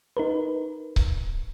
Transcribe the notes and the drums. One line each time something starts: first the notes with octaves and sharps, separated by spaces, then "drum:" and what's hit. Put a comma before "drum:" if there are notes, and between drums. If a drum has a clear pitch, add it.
D#4 A#4 B4
drum: kick C#1